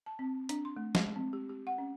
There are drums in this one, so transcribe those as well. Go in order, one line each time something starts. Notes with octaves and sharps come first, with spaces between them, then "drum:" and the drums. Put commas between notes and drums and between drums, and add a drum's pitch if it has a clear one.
A5
C4
D4, drum: hi-hat
C6
A3
G#3, drum: snare
C4
G4
G4
F#5
C#4